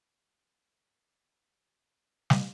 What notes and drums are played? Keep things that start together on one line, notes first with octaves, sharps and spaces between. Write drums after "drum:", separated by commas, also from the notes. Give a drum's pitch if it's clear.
G2 B2
C3 D#4
drum: snare